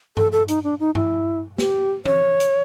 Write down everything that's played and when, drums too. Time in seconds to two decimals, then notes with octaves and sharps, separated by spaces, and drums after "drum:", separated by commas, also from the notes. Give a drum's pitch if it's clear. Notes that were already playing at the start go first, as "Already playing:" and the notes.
0.17 A4, drum: tom G2
0.32 A4
0.48 D#4, drum: hi-hat
0.64 D4
0.80 D#4
0.95 E4, drum: tom G2
1.58 G4, drum: snare
2.06 C#5, drum: tom
2.40 drum: hi-hat